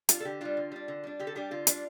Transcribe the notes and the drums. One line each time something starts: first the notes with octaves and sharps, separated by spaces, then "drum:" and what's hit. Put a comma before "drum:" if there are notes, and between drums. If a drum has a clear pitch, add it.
G3 D4 F4, drum: hi-hat
A4
D3 G4
G3 D4 F4
D3
G3 D4
D3
G3 D4
D3 G4
A4
G3 D4 G4
D3 F4
G3 D4, drum: hi-hat